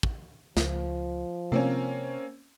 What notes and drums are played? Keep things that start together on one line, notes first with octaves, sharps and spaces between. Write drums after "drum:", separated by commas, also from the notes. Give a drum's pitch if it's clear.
drum: kick
C#2 F3, drum: snare
C3 A#3 C4 C#4